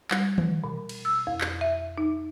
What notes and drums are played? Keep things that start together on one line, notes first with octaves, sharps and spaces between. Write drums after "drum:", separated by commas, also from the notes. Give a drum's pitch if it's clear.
G3, drum: clap
drum: tom D#3
B2
drum: cymbal
E6
F2
drum: clap
E5
D#4